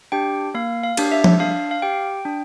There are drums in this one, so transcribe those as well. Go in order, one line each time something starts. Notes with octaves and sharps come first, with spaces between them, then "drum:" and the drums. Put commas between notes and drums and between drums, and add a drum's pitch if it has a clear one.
D4 G4 G5
A#3 F5
F5
D4 G4, drum: cymbal
E5
drum: tom F3
D4 F5
F5
G4 G5
D4